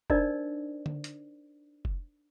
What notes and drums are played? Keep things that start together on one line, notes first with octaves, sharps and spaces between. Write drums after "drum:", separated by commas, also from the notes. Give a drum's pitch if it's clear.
D4 D#4 A#4 C5 D5 D#5, drum: kick F1
drum: tom D3
drum: hi-hat
drum: kick F1